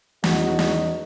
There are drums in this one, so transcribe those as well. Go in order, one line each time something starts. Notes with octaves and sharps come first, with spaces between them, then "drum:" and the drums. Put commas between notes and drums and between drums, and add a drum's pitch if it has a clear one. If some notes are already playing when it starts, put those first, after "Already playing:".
E2 D#4 F#4, drum: snare
drum: snare